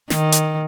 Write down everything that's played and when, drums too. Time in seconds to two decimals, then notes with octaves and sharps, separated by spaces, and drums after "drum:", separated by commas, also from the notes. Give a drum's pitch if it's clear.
0.10 D#3, drum: snare
0.32 drum: hi-hat